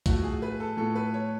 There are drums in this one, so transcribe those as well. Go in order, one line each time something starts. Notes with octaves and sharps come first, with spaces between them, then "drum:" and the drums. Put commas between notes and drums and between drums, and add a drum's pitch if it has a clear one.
A2 F3 A3 F#4, drum: kick, hi-hat
G#4
B4
A4
A2 F3 A3 A4
B4
C#5